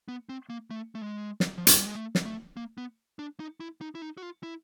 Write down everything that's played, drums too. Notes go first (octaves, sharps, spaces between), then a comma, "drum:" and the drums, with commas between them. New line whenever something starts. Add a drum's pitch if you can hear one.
B3
C4
A#3
A3
A3
G#3
drum: snare
F3
F#3, drum: hi-hat
G3
G#3
A3
drum: snare
A3
A#3
B3
D4
D#4
E4
D#4
E4
D#4
F#4
F4
E4